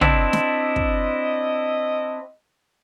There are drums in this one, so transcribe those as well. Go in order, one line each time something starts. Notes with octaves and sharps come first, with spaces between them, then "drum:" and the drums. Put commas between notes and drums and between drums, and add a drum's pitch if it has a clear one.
C4 D4 E4 D#5, drum: tom
drum: snare
drum: kick